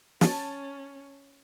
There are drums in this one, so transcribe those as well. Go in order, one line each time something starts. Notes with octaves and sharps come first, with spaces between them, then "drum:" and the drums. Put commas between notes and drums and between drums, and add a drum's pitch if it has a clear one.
C#4 A5, drum: snare